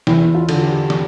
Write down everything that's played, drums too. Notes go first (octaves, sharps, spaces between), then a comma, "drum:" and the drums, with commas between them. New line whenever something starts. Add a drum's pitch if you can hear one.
E2 E4, drum: snare
F4
D3, drum: cymbal
G4
drum: snare